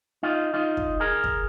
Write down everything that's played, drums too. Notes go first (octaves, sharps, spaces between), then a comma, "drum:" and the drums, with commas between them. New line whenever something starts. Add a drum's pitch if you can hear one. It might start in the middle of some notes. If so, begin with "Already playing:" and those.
D#4 F4
D#4 F4
drum: kick
G#4 A#4
drum: kick